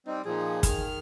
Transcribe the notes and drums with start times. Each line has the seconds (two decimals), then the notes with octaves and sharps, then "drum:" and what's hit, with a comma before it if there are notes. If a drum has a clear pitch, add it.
0.07 G3 C4 D#4
0.25 A#2 D#3 F3 G#4
0.63 D#3 F6, drum: kick, hi-hat